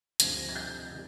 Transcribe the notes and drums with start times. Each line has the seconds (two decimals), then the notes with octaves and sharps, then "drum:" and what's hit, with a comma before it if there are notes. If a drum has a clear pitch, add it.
0.20 D2 C3 F3 G#6 A#6, drum: hi-hat
0.49 G#6
0.55 G6 A6
0.91 C3 D#3 G3